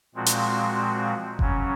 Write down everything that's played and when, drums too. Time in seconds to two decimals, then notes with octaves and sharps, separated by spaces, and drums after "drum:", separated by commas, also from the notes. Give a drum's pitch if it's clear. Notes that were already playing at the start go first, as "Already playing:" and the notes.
0.15 A#2 F3 G#3 C4 F#4
0.26 drum: hi-hat
1.39 C#3 F#3 C#4, drum: kick F#1